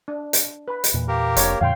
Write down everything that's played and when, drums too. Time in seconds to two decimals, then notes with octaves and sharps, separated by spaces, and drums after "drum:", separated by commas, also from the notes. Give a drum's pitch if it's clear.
0.08 D4
0.33 drum: hi-hat
0.68 B4 B5
0.84 drum: hi-hat
0.94 E2 A#2
1.08 A#3 G4 A#4
1.37 F1 D4 C#5, drum: hi-hat
1.61 F2 A#2 D3 F5 G5 C6